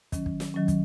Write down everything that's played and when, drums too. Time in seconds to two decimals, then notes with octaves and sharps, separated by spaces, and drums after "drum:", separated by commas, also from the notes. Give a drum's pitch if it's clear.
0.12 D#3 F#3 C#4, drum: kick, hi-hat
0.26 drum: kick
0.40 drum: snare
0.54 D#3 F#3 C#4
0.68 drum: kick, hi-hat